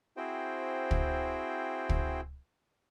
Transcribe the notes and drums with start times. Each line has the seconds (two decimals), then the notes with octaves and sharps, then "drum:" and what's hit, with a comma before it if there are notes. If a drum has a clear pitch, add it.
0.17 C4 E4 F#4 G#4 C5 G5
0.91 drum: kick
1.89 drum: kick